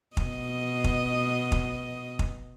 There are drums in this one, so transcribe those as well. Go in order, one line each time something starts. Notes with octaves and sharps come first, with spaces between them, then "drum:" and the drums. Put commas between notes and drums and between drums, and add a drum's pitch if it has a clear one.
B2 D#5, drum: kick
drum: kick
drum: kick
drum: kick